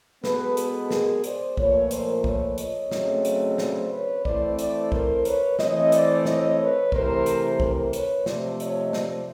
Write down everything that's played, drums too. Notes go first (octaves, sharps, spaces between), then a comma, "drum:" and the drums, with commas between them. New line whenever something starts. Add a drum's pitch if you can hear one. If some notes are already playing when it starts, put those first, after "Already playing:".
B2 G#3 B3 A4 B4, drum: snare
A4 B4, drum: hi-hat
G#4 A#4, drum: snare
C5 D5, drum: hi-hat
A#2 F3 A3 B4 C#5, drum: kick B1
A#4 C5, drum: hi-hat
B4 C#5, drum: kick B1
C#5 D#5, drum: hi-hat
C#3 F#3 A3 C4, drum: snare
drum: hi-hat
C5 D5, drum: snare
B4 C#5
E3 A3 C4 C5 D5, drum: kick B1
C5 D5, drum: hi-hat
A#4 C5, drum: kick B1
B4 C#5, drum: hi-hat
E3 A3 C4 C#5 D#5, drum: snare
C5 D5, drum: hi-hat
C#5 D#5, drum: snare
B4 C#5
C3 E3 A3 A#4 C5, drum: kick B1
drum: hi-hat
A#4 C5, drum: kick B1
B4 C#5, drum: hi-hat
C3 F3 A3 C5 D5, drum: snare
C#5 D#5, drum: hi-hat
C5 D5, drum: snare